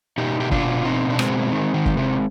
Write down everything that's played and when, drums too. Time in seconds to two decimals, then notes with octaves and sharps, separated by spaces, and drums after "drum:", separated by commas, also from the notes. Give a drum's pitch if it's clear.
0.18 B2 D#4 G4
0.40 B2 G4
0.51 D4 F4, drum: kick
0.63 B2
0.85 B2 C4 D#4
1.07 B2 D4
1.19 G#3 C4, drum: rim click
1.30 B2
1.52 D#3
1.74 D#3
1.86 drum: kick
1.97 C3